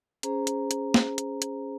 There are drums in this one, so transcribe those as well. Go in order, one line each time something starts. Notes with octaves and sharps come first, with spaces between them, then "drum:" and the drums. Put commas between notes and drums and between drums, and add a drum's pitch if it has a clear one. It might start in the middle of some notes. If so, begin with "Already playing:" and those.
C#4 G#4 C5 A#5, drum: hi-hat
drum: hi-hat
drum: hi-hat
drum: snare
drum: hi-hat
drum: hi-hat